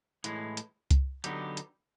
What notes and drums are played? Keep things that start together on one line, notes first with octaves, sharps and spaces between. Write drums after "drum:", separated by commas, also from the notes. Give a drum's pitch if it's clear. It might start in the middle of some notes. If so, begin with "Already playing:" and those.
A2 E3 G#3, drum: hi-hat
drum: hi-hat
drum: kick C2, hi-hat
D3 F#3 B3 D#4 G4, drum: hi-hat
drum: hi-hat